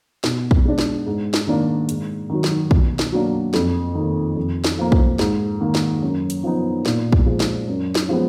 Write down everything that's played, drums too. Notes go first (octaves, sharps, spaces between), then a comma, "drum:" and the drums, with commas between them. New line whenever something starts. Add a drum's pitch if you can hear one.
B2, drum: snare
drum: kick
G#3 D4
drum: snare
G#2
drum: snare
D#3 A#3 D4
G#2, drum: hi-hat
D#3 F#3
drum: snare
B2, drum: kick
drum: snare
F#3 A#3 D4
F2, drum: snare
D#3
A#3
F2
drum: snare
F3 A#3
drum: kick
G#2, drum: snare
D#3 A#3
drum: snare
F#2
drum: hi-hat
F3 B3 D#4
A#2, drum: snare
drum: kick
F3 G#3
drum: snare
F#2
drum: snare
F3 G#3 B3